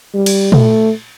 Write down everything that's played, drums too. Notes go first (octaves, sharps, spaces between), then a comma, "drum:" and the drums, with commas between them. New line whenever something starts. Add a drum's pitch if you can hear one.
G3
drum: cymbal
A3, drum: tom A#2